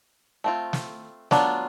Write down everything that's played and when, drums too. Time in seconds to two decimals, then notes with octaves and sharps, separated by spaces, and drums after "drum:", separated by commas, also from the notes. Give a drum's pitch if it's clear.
0.44 A3 C4 F4
0.73 drum: snare
1.31 F#3 B3 D4 F4, drum: snare